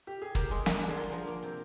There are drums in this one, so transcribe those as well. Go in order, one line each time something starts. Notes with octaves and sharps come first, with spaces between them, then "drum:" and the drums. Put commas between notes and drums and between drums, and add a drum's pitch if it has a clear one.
G4
G#4
G4 A#4, drum: kick
G#3 A#4
D4 A#4, drum: snare
D3
G#4
F4 A#4
F3 A#4
A#3
C3